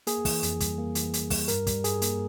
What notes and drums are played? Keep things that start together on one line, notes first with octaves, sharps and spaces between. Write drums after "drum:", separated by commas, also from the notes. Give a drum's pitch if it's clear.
A#3 G#4, drum: hi-hat
E3, drum: kick, open hi-hat
F2, drum: hi-hat
G3, drum: kick, hi-hat
A#3
E3, drum: hi-hat
F2, drum: hi-hat
G3, drum: kick, open hi-hat
G2 A#4, drum: hi-hat
G3, drum: kick, hi-hat
G2 G#4, drum: hi-hat
A#3, drum: hi-hat